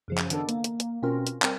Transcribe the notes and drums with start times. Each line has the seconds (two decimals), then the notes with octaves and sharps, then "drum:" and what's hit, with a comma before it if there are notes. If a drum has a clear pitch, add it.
0.08 F#2 C#3 F3
0.18 drum: clap
0.30 D#3 B3 D4 A4, drum: hi-hat
0.49 A#3, drum: hi-hat
0.64 drum: hi-hat
0.80 drum: hi-hat
1.02 B2 C4 C#4 F4 A#4
1.27 drum: hi-hat
1.42 G3 C4 A#4, drum: clap